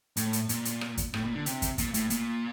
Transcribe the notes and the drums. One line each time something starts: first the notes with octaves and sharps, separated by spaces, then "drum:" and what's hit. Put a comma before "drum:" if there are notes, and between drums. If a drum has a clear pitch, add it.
A2, drum: hi-hat
drum: hi-hat
A#2, drum: hi-hat
drum: hi-hat
drum: rim click
drum: kick, hi-hat
A2, drum: rim click
A#2
D3
C3, drum: hi-hat
drum: kick, hi-hat
A#2, drum: kick, hi-hat
A2, drum: hi-hat
A#2, drum: hi-hat